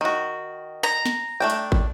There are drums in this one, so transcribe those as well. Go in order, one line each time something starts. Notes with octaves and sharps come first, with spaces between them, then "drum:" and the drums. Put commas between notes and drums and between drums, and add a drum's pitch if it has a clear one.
D#3 F#4
A#5
drum: snare
A3 D4 G5
drum: hi-hat
drum: kick